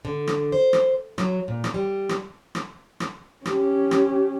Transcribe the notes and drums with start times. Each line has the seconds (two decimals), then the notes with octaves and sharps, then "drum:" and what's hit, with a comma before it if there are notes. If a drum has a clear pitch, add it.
0.05 D3
0.27 drum: rim click
0.52 C5
0.73 drum: rim click
1.18 F#3, drum: rim click
1.48 A#2
1.64 drum: rim click
1.74 G3
2.09 drum: rim click
2.55 drum: rim click
3.00 drum: rim click
3.46 C#4 G4, drum: rim click
3.91 drum: rim click